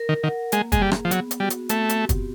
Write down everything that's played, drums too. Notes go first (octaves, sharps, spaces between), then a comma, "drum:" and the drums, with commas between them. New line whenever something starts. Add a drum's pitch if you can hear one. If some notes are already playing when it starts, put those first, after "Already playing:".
Already playing: A#4
D#3
D#3 F#5
G#3 A#3, drum: hi-hat
G#3, drum: kick, hi-hat
G3 G#4
drum: rim click
F3
F#3 B3, drum: hi-hat
drum: hi-hat
G3 F#4
drum: hi-hat
A3 C4, drum: hi-hat
drum: hi-hat
G4
drum: kick, hi-hat